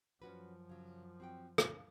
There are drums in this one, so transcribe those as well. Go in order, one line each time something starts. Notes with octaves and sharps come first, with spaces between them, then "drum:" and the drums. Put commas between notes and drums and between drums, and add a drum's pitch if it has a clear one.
F#2 F3 C#4 F#4 B4
C#3 F#3
C4 F#4 G5
G2 D3, drum: rim click